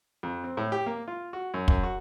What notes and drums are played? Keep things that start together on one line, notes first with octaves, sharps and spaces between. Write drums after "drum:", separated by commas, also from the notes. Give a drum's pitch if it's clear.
F2
C4
A2
G4
A#3
F4
F#4
F#2
F#2, drum: kick
F#4